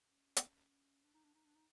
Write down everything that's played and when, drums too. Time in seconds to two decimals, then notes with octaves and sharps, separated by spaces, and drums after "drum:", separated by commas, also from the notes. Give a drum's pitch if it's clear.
0.09 C#4
0.36 drum: hi-hat
1.03 D4
1.14 D#4
1.24 D4
1.34 D#4
1.45 D4
1.55 D#4